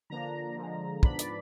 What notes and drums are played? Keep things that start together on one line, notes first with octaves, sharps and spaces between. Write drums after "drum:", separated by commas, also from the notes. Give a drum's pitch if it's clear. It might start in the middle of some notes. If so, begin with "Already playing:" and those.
D3 F3 A#3 D4 A#5
D3 F3 G#3
G#2 F3 B3 D4 B5, drum: kick
D5, drum: hi-hat